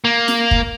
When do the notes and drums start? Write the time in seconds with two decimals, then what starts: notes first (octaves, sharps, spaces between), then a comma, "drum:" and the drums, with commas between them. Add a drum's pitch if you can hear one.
0.04 A#3
0.28 drum: snare
0.51 drum: kick